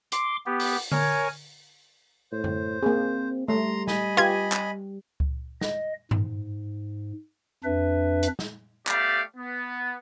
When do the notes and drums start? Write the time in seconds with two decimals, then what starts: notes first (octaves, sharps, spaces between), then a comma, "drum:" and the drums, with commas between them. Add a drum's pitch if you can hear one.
0.12 C6 D6, drum: hi-hat
0.46 B3 G4
0.60 drum: open hi-hat
0.92 A#4 C#5 G#5, drum: tom D3
2.32 A2 C5
2.44 drum: tom
2.83 A#3 C4 G#4
3.48 G3 A3 A#5 C6
3.88 D#5 G#5 B5, drum: snare
4.17 F4 G4 B4 G#6, drum: hi-hat
4.52 drum: clap
5.20 drum: kick C#2
5.61 D#5, drum: snare
6.11 G#2, drum: tom G2
7.64 F2 D4 B4 E5
8.23 drum: hi-hat
8.39 drum: snare
8.87 A3 B3 G4 D5 F5, drum: clap
9.36 B3